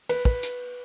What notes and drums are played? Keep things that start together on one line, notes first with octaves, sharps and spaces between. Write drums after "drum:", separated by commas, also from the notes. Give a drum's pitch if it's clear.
B4, drum: cymbal
B4, drum: kick
drum: hi-hat